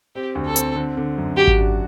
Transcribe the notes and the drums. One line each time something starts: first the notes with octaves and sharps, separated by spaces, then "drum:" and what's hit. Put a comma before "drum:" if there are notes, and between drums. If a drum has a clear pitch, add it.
C4 G4
D2
A4
C4, drum: hi-hat
D3
D3
F#2
F#4 G4
drum: kick G#1
D4